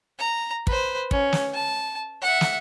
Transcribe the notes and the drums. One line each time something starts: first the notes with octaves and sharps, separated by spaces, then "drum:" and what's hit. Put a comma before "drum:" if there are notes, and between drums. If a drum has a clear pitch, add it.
A#5
B4 C5, drum: kick
C#4, drum: kick
drum: snare
A5
E5 F#5
drum: snare